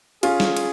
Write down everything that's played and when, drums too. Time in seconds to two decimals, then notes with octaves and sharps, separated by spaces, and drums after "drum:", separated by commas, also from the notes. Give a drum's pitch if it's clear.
0.23 C#4 F4 G#4, drum: cymbal
0.40 drum: snare
0.56 drum: cymbal